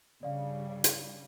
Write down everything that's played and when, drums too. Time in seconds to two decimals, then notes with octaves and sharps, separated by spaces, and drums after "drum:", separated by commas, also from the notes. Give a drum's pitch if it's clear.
0.23 G2 C#3 G3 D5 F5
0.84 drum: hi-hat